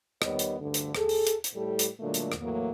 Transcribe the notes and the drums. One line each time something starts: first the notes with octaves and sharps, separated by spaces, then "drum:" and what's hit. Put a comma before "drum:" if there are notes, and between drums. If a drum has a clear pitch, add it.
D#3 G3 B3 C#5 D#5, drum: rim click
drum: hi-hat
D2 G2 D3
drum: hi-hat
G#4 A4, drum: rim click
drum: open hi-hat
drum: hi-hat
drum: hi-hat
A2 G3 G4 A4
drum: hi-hat
A#2 D3 F#3 G#3 A3
drum: hi-hat
drum: rim click
A2 E3 F#3 A#3